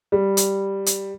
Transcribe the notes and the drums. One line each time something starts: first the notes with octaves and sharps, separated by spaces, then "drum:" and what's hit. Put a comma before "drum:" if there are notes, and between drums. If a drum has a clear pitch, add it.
G3
drum: hi-hat
drum: hi-hat